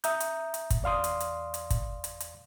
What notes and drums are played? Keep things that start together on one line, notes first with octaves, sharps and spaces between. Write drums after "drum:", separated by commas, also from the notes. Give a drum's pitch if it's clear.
E5 A#5 D#6 G6, drum: hi-hat
drum: hi-hat
drum: hi-hat
drum: kick F#1, hi-hat
E2 D5 F5 C6 D#6
drum: hi-hat
drum: hi-hat
drum: hi-hat
drum: kick F#1, hi-hat
drum: hi-hat
drum: hi-hat